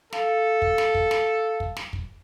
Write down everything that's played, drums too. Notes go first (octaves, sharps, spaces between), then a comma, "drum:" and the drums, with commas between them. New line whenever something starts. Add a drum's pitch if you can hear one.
A4 F5, drum: snare
drum: kick
drum: snare
drum: kick
drum: snare
drum: kick
drum: snare
drum: kick